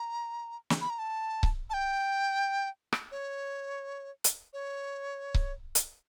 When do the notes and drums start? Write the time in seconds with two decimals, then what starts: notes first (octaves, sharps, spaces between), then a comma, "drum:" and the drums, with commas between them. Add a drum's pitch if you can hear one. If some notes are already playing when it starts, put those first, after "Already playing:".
Already playing: A#5
0.70 drum: snare
0.81 B5
0.90 A#5
0.99 A5
1.43 drum: kick C#1
1.70 A5
1.74 G5
2.93 drum: rim click
3.12 C#5
4.24 drum: hi-hat
4.53 C#5
5.34 drum: kick C#1
5.75 drum: hi-hat